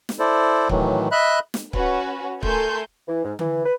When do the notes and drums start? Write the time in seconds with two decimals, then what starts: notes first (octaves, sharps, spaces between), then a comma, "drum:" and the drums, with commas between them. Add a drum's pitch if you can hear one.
0.09 drum: snare
0.19 E4 A4 C5 D5
0.69 A2 D#3 E3 F#3, drum: kick C#1
1.11 D#5 E5 B5 F#6
1.54 drum: snare
1.73 C#4 F#4 B4, drum: kick C#1
2.43 A3 A4 A#4 G#5 C6 G6, drum: kick C#1
3.08 E3
3.24 G#2
3.39 E3, drum: tom D3
3.65 B4